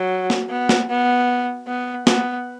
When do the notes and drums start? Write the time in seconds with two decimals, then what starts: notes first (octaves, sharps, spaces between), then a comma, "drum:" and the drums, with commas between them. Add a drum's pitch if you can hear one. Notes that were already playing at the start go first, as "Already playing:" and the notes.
Already playing: F#3
0.30 drum: snare A#3
0.49 B3
0.69 drum: snare A#3
0.89 B3
1.67 B3
2.07 B3, drum: snare A#3